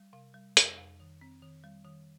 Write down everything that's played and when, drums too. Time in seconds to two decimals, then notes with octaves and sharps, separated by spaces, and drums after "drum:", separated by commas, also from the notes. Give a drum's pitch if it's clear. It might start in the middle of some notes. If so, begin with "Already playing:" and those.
Already playing: G3
0.13 C3 F5
0.34 G3
0.57 F2, drum: hi-hat
0.78 F2
1.00 D#3
1.21 C4
1.42 D#3
1.64 G3
1.85 D#3